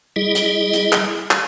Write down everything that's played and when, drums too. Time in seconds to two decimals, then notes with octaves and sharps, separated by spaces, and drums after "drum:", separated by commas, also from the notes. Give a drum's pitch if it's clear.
0.16 G3 E4 G#4 D#5
0.35 drum: hi-hat
0.73 drum: hi-hat
0.93 drum: clap
1.31 drum: clap